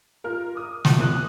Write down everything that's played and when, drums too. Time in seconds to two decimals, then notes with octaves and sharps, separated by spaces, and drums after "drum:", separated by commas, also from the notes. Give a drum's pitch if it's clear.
0.24 F4 A#4 F6
0.55 D6 D#6
0.85 D2 A2 E3, drum: snare
0.97 E2 F3 A#3 D#6 F#6
1.09 C4 D6 D#6